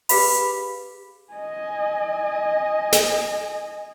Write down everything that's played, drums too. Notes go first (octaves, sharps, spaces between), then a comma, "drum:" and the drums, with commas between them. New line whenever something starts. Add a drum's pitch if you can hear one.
G4 G#4 B4 F5 B5, drum: open hi-hat
D#5 G#5
drum: snare